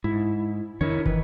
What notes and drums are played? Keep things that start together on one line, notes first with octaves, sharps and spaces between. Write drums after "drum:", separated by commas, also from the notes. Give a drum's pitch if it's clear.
G#2 E4
F2 D#3 D4 E4 A#4 C#5
D#3 E3 B4, drum: kick